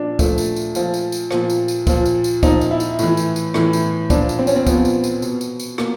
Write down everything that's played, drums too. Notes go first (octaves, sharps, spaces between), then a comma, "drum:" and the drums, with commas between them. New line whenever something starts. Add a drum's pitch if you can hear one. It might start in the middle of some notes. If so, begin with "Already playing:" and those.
Already playing: A#2 F3 D4
A#2 F3 A3, drum: kick, tambourine
drum: tambourine
drum: tambourine
A#2 F3, drum: tambourine
drum: tambourine
drum: tambourine
A#2 F3, drum: rim click
drum: tambourine
drum: tambourine
A#2 F3, drum: kick, tambourine
drum: tambourine
drum: tambourine
A#2 F3 D#4, drum: kick, tambourine
drum: tambourine
E4
drum: tambourine
A2 E3, drum: tambourine
drum: tambourine
drum: tambourine
A2 E3, drum: rim click
drum: tambourine
A#2 F3 D4, drum: kick, tambourine
drum: tambourine
C4
C#4, drum: tambourine
C4
A#2 F3 B3, drum: kick, tambourine
drum: tambourine
drum: tambourine
B2, drum: tambourine
drum: tambourine
drum: tambourine
B2 A#3, drum: rim click